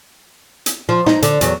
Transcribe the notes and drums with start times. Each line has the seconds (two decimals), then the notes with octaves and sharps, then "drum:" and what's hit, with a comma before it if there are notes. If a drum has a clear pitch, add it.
0.66 drum: hi-hat
0.89 F3
1.06 D#4, drum: snare
1.22 D3, drum: hi-hat
1.41 E2 F#3, drum: hi-hat